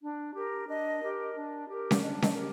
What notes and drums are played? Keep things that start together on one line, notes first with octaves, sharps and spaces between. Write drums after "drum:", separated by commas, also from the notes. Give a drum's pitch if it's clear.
D4
G4 A#4
D4 D#5
G4 A#4
D4
G4 A#4
drum: snare C#4
D4 D#5
D#5, drum: snare C#4
G4 A#4